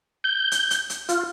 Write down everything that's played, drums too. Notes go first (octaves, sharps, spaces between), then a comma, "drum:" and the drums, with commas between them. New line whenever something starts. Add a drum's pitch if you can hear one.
G6
drum: hi-hat
drum: hi-hat
drum: hi-hat
F4, drum: hi-hat